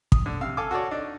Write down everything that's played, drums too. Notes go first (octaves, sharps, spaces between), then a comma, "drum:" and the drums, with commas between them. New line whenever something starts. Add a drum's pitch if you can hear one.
D#6, drum: kick
D3
C3 F5 E6
A4 F5 G#5 D6 E6
F#4 A4 C#5 D5
D4 D#4